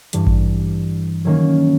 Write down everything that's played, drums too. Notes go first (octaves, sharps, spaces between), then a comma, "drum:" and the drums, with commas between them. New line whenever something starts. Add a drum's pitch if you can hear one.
G2 E3 G3, drum: hi-hat
drum: kick A1
D#3 F#3 A#3 C#4